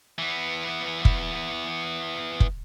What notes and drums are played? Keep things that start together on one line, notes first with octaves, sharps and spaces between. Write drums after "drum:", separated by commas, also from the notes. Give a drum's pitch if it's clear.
E3 B3
drum: kick
drum: kick